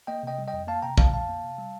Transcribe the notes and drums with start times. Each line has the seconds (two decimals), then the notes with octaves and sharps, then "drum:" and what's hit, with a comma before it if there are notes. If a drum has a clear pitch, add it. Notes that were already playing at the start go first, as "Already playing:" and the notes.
0.07 A#3 D#5 G5
0.23 C3 D#5 G5
0.39 G3
0.48 D#5 G5
0.54 F2
0.67 A#3 F5 A5
0.82 C3 G5 A#5
0.98 G3 F5 A5, drum: kick A#1
1.13 F2 F5 A5
1.29 A#3
1.44 C3
1.59 G3